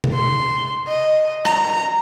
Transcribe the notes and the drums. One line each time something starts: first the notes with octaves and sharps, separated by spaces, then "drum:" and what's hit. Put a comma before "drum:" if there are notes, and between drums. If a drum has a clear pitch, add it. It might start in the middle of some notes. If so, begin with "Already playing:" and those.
drum: tom C3
C6
D#5
A#5, drum: rim click